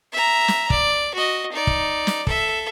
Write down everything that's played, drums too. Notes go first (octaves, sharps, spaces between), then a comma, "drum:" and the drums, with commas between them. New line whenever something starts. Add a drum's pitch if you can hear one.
E5 A#5
drum: snare
D5, drum: kick
F#4 D#5
D#4 D5
drum: kick
drum: snare
A4 E5, drum: kick